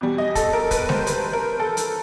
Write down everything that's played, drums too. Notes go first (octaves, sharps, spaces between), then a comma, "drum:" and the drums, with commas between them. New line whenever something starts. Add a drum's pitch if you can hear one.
E2 B2 G3
D#5
A4, drum: kick, hi-hat
A#4
B4, drum: kick, hi-hat
C5, drum: snare G#3
B4, drum: hi-hat
A#4
A4
drum: hi-hat